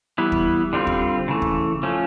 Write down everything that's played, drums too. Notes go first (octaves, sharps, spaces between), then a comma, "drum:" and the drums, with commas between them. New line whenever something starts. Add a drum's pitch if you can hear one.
E3 G3 B3 E4
drum: kick D#2
D3 G3 C4 F4
drum: kick D#2
C#3 E3 A3
drum: kick D#2
F3 A3 C#4